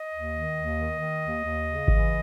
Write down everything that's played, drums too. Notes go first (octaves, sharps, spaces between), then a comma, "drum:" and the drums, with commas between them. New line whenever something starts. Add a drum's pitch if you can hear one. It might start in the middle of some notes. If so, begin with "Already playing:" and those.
Already playing: D#5
D#2
D#3
D#2
D#3
D#3
D#2
D#2
C#3
E3, drum: kick G#1